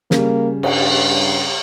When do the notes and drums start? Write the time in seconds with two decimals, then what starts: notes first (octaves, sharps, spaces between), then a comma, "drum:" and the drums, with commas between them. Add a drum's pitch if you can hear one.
0.11 C#3 G3 A#3, drum: snare
0.63 G2, drum: cymbal